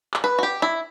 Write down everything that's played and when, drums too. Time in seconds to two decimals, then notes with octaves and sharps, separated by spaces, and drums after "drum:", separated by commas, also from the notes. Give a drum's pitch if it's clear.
0.14 drum: clap
0.24 B4
0.39 F#4
0.43 G4
0.62 E4